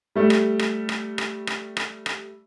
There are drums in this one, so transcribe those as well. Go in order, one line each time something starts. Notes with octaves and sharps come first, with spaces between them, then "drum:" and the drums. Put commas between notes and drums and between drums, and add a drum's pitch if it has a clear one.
G3 A3
drum: rim click
drum: rim click
drum: rim click
drum: rim click
drum: rim click
drum: rim click
drum: rim click